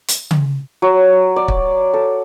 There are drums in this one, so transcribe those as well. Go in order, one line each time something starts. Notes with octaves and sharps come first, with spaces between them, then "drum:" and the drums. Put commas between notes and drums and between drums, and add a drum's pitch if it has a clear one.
drum: hi-hat
drum: tom C#3
F#3
D5
drum: kick
A4